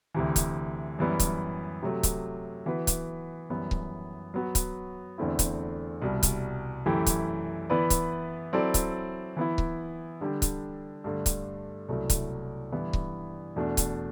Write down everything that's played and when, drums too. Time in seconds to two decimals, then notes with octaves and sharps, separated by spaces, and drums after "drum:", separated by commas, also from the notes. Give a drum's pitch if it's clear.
0.14 D2 C3 E3
0.36 drum: kick C#1, hi-hat
0.99 F#2 E3 G3 B3
1.20 drum: kick C#1, hi-hat
1.83 C3 F#3 A3
2.03 drum: kick C#1, hi-hat
2.66 E3 B3 F#4 B4
2.87 drum: kick C#1, hi-hat
3.50 F#2 E3 G3 B3
3.71 drum: kick C#1
4.34 F#3 B3 F#4
4.55 drum: kick C#1, hi-hat
5.18 E2 D3 A3 C4 E4
5.39 drum: kick C#1, hi-hat
6.02 C2 B2 G3
6.23 drum: kick C#1, hi-hat
6.86 F#2 E3 A3 E4 G4
7.06 drum: kick C#1, hi-hat
7.70 E3 B3 E4 B4 D5
7.90 drum: kick C#1, hi-hat
8.53 F#3 C4 E4 A4 D5
8.74 drum: kick C#1, hi-hat
9.37 E3 B3 E4
9.58 drum: kick C#1
10.21 D3 G3 D4 G4
10.42 drum: kick C#1, hi-hat
11.04 G2 D3 A3
11.26 drum: kick C#1, hi-hat
11.89 C2 B2 F#3 A3 E4
12.10 drum: kick C#1, hi-hat
12.72 G2 E3 B3 E4
12.93 drum: kick C#1
13.56 E2 B2 A3 D4
13.77 drum: kick C#1, hi-hat